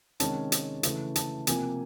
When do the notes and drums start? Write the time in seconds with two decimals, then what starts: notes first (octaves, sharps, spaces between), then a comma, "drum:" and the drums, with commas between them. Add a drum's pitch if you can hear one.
0.20 C3 D#3 G#3 C#4 A5, drum: hi-hat
0.52 drum: hi-hat
0.83 C#3 E3 A3, drum: hi-hat
1.16 A5, drum: hi-hat
1.47 C3 F3 A#3 G#5, drum: hi-hat